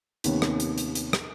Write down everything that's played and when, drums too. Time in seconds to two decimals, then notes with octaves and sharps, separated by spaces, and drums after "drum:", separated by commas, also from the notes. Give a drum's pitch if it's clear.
0.24 D#2 C3 D#3 B3 C#4, drum: hi-hat
0.42 drum: rim click
0.60 drum: hi-hat
0.78 drum: hi-hat
0.95 drum: hi-hat
1.13 drum: rim click